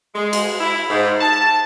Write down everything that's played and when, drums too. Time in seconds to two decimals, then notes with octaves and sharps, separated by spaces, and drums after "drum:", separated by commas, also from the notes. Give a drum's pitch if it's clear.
0.15 G#3
0.33 drum: cymbal
0.60 E4
0.90 G#2
1.21 A5